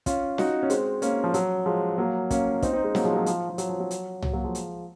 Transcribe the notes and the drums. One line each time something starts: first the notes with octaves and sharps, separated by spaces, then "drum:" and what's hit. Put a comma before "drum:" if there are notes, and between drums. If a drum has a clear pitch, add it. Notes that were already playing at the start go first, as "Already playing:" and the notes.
C#4 F4, drum: kick, hi-hat
D#4 F#4, drum: snare
C#4
G#3 C4, drum: hi-hat
A#3 C#4, drum: hi-hat
F3
F#3, drum: hi-hat
F3 G#3
F#3 A#3
A#3 C#4, drum: kick, hi-hat
C4 D#4, drum: kick, hi-hat
C4 D#4
G#3 C4
F#3 A#3, drum: snare
F3 G#3
F#3
F3, drum: hi-hat
F3
F#3, drum: hi-hat
F3
F#3
drum: hi-hat
F#3, drum: tom
F#3 A#3
F3 G#3
drum: hi-hat